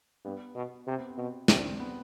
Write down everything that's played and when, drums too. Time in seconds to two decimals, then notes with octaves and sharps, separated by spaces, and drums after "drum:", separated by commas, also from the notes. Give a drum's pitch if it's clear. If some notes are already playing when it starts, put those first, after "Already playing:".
0.25 G2 B3
0.55 B2
0.87 C3 C4
0.97 B3
1.09 C4
1.18 B2
1.48 C3 D4, drum: snare
1.65 C4
1.80 B3